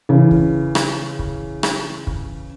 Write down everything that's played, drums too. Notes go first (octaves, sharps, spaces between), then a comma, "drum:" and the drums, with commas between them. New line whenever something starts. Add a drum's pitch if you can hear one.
C#3 E3
drum: kick
drum: rim click
drum: kick
drum: rim click
drum: kick